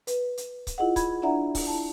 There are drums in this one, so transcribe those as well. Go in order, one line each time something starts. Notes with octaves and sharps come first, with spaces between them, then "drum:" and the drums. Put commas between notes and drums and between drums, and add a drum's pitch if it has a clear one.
B4, drum: hi-hat
drum: hi-hat
drum: kick C#1, hi-hat
E4 F4 G#4 D#5 F#5
B5 G#6, drum: kick C#1, hi-hat
D4 E4 D5 E5 F#5 A#5
drum: kick C#1, open hi-hat
E4 A5